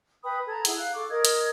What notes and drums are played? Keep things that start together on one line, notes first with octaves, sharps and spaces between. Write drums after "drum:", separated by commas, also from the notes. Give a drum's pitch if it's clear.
B4 G5 B5 D#6
A4 A5 A#5 G#6
E4 G#4 F#5, drum: hi-hat
F5 F#6
A4 C#6 D6
A#4 D#5 D#6 G#6
drum: hi-hat